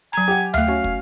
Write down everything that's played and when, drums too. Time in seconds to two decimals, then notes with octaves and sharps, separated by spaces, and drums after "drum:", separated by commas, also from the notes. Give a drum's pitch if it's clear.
0.13 F#3 G#5 A#5
0.28 G4 F#5
0.54 A3 E5 F5, drum: tom D2
0.68 C#4 F#4 G#5
0.84 drum: kick